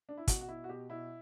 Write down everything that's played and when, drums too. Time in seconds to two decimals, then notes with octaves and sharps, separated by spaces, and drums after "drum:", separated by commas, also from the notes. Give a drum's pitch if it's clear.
0.09 D4
0.17 E4
0.28 B2 F#4, drum: kick, hi-hat
0.41 F#4
0.48 B2 E4
0.64 F#4
0.69 B2 G4
0.90 B2 E4